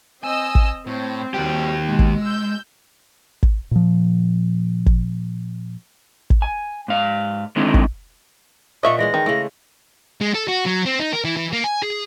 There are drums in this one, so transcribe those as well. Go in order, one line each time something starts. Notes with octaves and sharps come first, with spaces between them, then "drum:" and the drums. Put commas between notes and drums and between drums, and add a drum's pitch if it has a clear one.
C4 D#5 G#5 E6
drum: kick
A2 C4
D#2 G3 F#4 G4
B2 G#3
drum: kick
E6 G6
drum: kick
A#2 F3
drum: kick
drum: kick
G#5
G#2 F5
D3 D#3 G#3 C4 D#4 E4
drum: kick
A#2 C#4 D4 D#5 E5 C#6
E3 G#3 C#4 A#6
D#3
C#3 E3 A3
G#3
A4
F#4
F#3
C4
D#4
A#4
E3
E3
A#3
G#5
G#4